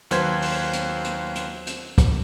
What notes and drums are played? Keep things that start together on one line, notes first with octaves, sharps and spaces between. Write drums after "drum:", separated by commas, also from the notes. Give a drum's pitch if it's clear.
D#2 F#3 B4 C5 C6 G#6, drum: hi-hat
drum: open hi-hat
drum: hi-hat
drum: hi-hat
drum: hi-hat
drum: hi-hat
drum: kick, hi-hat